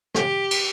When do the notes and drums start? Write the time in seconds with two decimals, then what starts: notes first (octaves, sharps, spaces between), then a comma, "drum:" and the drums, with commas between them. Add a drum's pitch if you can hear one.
0.15 G4, drum: rim click
0.51 drum: cymbal